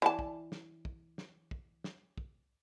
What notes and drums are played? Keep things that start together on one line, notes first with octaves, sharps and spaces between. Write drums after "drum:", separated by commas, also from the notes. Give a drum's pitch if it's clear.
E3 D5 A5
drum: kick
drum: snare
drum: kick
drum: snare
drum: kick
drum: snare
drum: kick